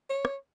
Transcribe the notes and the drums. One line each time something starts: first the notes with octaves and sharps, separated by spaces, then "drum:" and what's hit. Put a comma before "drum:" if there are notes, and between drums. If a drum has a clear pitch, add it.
C#5
drum: rim click